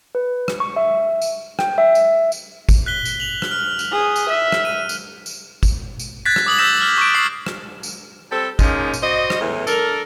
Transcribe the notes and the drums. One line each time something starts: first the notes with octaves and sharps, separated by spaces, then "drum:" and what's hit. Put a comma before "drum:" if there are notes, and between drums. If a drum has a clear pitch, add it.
B4
drum: rim click
C#6
E5
drum: tambourine
G5, drum: rim click
E5
drum: tambourine
drum: tambourine
drum: kick G#1, tambourine
F#6 B6 G7
drum: tambourine
F7 F#7
drum: rim click
F6
drum: tambourine
G#4 D#6
drum: tambourine
E5
drum: rim click
D#7
drum: tambourine
drum: tambourine
drum: kick G#1, tambourine
drum: tambourine
F#6 G#6 A6 B6
drum: rim click
D6 D#6 F#7
E6 G6 G#6 A#6 B6 E7
F6
C#6 D7
D#6 C7
drum: rim click
drum: tambourine
G3 C4 A4
F3 G#3 A#3 C#4 D#4, drum: kick G#1, tambourine
drum: tambourine
F#4 C5 D5 D#5
drum: rim click
E2 A2 E3
D4 A4 A#4, drum: tambourine